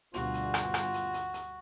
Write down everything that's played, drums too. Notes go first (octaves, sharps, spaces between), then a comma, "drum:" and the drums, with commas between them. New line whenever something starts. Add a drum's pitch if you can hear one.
D2 G2 B2 F4 F#4, drum: hi-hat
drum: hi-hat
drum: rim click
drum: rim click
drum: hi-hat
drum: hi-hat
drum: hi-hat